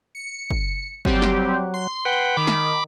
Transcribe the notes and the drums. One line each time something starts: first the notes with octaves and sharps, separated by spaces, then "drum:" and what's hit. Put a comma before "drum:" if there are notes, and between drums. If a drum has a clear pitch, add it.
C#7
drum: kick
F#3 G3 C4 G4, drum: kick
drum: snare
C6
B4 F#5 G5
D#3 B5 D6
drum: snare